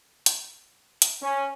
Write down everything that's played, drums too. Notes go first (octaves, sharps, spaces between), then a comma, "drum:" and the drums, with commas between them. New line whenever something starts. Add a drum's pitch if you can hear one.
drum: hi-hat
drum: hi-hat
C#4